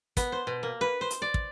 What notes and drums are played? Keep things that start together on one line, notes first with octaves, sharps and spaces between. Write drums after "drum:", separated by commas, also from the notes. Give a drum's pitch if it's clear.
B3, drum: kick, hi-hat
C5
B2
A#3
B4
C5
drum: hi-hat
D5
drum: kick